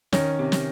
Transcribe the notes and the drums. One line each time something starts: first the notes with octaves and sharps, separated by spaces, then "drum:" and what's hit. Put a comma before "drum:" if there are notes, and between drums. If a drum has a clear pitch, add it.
D#3 C#4, drum: snare
C3
drum: snare